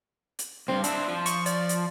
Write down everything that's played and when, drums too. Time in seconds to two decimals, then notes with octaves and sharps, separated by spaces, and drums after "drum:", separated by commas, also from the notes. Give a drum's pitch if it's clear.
0.39 drum: hi-hat
0.68 D2 G2 C4
0.84 C4 D4 E4, drum: hi-hat
1.08 F3
1.26 C#6, drum: hi-hat
1.46 D5, drum: hi-hat
1.69 drum: hi-hat